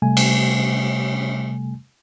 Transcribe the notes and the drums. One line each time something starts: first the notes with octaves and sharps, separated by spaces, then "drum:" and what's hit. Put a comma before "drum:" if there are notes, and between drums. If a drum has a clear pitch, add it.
C3 G3 A3 G#5
drum: cymbal